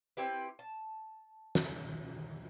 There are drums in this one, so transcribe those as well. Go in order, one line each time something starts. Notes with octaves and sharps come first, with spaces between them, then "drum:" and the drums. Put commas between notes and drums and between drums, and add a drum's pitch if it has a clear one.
C4 E4 G4 B4
A5
drum: snare